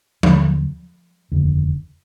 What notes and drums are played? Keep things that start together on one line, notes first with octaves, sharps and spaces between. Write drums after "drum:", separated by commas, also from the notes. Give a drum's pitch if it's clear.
D#2 D3 F#3, drum: tom F3
F1 D#2 D3